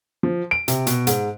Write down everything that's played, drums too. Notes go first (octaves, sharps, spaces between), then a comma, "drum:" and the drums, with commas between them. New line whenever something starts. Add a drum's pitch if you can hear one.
F3
D7
C3, drum: hi-hat
B2, drum: hi-hat
G#2, drum: hi-hat